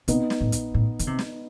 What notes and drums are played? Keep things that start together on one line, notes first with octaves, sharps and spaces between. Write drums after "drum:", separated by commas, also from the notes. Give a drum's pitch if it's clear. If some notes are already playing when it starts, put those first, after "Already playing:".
C3 B3 D#4, drum: hi-hat
drum: snare
A2
drum: kick, hi-hat
A2
D#3, drum: hi-hat
C3
drum: snare